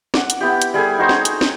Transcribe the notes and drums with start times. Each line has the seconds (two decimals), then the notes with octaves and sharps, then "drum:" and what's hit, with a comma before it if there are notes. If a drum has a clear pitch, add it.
0.14 F#5 D6, drum: snare
0.30 drum: hi-hat
0.41 B3 E4 G4
0.62 drum: hi-hat
0.74 G3 G#4 A4 G#5
0.99 D#4 F#4 C5
1.09 drum: snare
1.25 drum: hi-hat
1.41 drum: snare